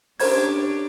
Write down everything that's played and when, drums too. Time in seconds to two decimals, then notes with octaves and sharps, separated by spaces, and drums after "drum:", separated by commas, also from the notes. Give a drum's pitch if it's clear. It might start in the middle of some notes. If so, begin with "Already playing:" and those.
0.20 C#4 D4 G4 A#4 C5 G#6, drum: open hi-hat